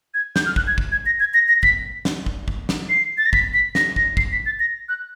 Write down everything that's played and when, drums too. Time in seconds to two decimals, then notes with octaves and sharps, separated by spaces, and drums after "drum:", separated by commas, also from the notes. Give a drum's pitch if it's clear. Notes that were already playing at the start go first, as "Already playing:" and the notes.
0.14 G#6
0.36 G6, drum: snare
0.46 F6
0.56 F#6, drum: kick
0.67 G#6
0.78 drum: kick
0.92 G#6
1.06 A#6
1.20 G#6
1.34 A#6
1.48 A#6
1.63 B6, drum: kick
2.05 drum: snare
2.26 drum: kick
2.48 drum: kick
2.69 drum: snare
2.90 C7
3.18 A6
3.26 A#6
3.33 B6, drum: kick
3.53 B6
3.75 A#6, drum: snare
3.96 A#6, drum: kick
4.17 C7, drum: kick
4.32 B6
4.46 A6
4.60 A#6
4.89 F#6